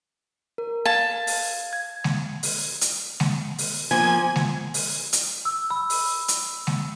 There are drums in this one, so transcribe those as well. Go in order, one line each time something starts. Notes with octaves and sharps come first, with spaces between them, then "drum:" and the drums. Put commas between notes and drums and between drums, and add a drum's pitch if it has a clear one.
A#4
F5 A5 G#6
drum: open hi-hat
G#6
drum: snare G#3
drum: open hi-hat
drum: hi-hat
drum: snare G#3
drum: open hi-hat
F3 A#3 G#5
drum: snare G#3
drum: open hi-hat
drum: hi-hat
E6
B5 E6
drum: open hi-hat
drum: hi-hat
drum: snare G#3